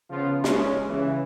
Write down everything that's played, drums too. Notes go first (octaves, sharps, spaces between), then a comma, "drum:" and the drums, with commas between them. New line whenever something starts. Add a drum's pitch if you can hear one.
C#3 F3 B3 F4
G#3 C#4, drum: snare
C#3 E3